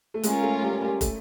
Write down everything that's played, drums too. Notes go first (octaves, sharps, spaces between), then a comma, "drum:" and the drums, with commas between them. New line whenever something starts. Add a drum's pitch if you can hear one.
A3
G#3 C#4 F4 A#4, drum: hi-hat
A3
G3
G3
A3, drum: kick, hi-hat